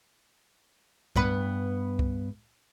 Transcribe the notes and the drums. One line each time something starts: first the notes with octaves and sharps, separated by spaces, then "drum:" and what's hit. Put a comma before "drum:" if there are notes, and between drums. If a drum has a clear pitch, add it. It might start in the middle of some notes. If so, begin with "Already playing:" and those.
G2 B3 B4, drum: kick C2
drum: kick C2